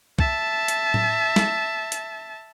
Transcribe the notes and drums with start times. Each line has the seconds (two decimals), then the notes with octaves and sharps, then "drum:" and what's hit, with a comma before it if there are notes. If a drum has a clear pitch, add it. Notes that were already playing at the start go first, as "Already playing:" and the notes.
0.19 E5 A5, drum: kick
0.68 drum: hi-hat
0.94 drum: tom A2
1.36 drum: snare
1.92 drum: hi-hat